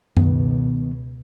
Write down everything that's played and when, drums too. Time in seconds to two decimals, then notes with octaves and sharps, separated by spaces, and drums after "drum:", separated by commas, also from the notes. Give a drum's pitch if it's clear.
0.17 C#2 B2 D#3 B3, drum: tom F#2